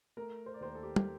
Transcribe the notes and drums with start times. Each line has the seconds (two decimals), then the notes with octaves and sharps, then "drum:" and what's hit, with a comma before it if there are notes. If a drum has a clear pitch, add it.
0.17 A3 A#4
0.46 C5
0.54 D5
0.60 D#2 C5
0.75 A4
0.83 G4
0.96 G4, drum: tom